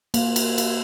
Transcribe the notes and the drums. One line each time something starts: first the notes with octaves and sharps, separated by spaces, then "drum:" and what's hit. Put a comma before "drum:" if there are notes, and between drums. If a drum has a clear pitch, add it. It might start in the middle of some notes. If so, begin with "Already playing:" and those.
A#3, drum: cymbal
drum: cymbal
drum: cymbal